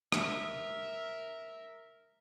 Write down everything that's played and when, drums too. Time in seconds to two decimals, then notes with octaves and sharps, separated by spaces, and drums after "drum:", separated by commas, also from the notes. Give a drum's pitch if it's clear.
0.12 A#4 E5, drum: rim click